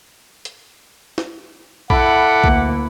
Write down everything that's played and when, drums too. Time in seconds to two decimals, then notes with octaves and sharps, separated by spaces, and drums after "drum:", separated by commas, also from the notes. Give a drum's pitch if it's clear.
0.45 drum: hi-hat
1.18 drum: snare
1.90 E4 A4 F#5 B5 D6, drum: kick A#1
2.44 D2 A#3, drum: kick A#1